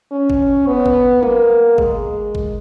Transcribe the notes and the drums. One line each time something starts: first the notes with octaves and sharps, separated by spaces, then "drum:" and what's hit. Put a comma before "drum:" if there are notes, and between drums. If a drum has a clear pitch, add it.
C#4
drum: kick
B3
drum: kick
A#3, drum: tom F#3
G#3, drum: kick
drum: kick